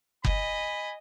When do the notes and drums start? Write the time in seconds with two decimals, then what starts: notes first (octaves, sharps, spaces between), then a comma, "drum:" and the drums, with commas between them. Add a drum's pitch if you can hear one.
0.25 D#5 G#5 B5, drum: kick F#1